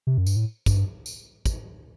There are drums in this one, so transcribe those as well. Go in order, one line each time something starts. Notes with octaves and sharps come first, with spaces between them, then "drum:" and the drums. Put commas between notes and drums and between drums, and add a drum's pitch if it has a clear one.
C3
F#2
G2, drum: tambourine
A2
G2, drum: kick, tambourine
drum: tambourine
drum: kick, tambourine